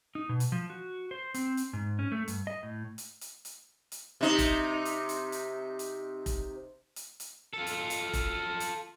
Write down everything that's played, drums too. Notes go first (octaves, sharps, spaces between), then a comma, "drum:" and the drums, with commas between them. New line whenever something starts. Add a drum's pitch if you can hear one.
D#4
B2
drum: hi-hat
F3
F#4
C5
C4, drum: hi-hat
drum: hi-hat
G#2
C#4
A3
G2, drum: hi-hat
D#5
A2
drum: hi-hat
drum: hi-hat
drum: hi-hat
drum: hi-hat
C3 D#4
drum: kick F1, hi-hat
drum: hi-hat
drum: hi-hat
drum: hi-hat
drum: hi-hat
drum: kick F1, hi-hat
drum: hi-hat
drum: hi-hat
F4 A4
drum: hi-hat
drum: hi-hat
drum: kick F1, hi-hat
drum: hi-hat